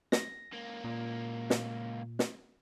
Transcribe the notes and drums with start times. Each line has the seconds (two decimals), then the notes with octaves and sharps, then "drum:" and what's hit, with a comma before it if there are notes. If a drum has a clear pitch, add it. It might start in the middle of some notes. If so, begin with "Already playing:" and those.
0.12 A#6, drum: snare
0.53 C#2 A#3
0.84 A#2
1.50 drum: snare
2.19 drum: snare